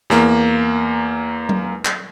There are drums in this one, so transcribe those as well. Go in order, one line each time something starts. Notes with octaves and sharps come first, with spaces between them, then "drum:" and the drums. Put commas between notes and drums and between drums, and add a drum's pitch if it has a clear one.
E2 A#3, drum: snare
drum: tom F#3
drum: clap